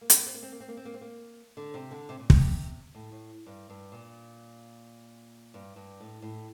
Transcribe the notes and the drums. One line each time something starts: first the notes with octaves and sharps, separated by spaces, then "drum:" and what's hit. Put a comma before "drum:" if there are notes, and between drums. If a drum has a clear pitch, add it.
A#3
C4, drum: hi-hat
A#3
C4
A#3
C4
A#3
C4
A#3
C4
A#3
C4
A#3
D3
C3
D3
C3
A#2
C3, drum: kick
A2
A2
G2
G2
A#2
G2
G2
A2
A2